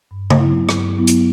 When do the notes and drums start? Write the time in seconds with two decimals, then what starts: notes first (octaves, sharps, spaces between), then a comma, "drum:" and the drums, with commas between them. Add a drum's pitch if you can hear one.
0.11 G2
0.30 drum: tom C#3
0.40 F#3 B3 E4
0.69 G2, drum: rim click
0.98 F#3 B3 E4
1.07 drum: hi-hat